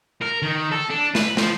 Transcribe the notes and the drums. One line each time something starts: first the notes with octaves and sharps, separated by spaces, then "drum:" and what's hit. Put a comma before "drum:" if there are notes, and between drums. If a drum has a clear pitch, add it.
A#4
D#3
A4
D4
B4, drum: snare
F3, drum: snare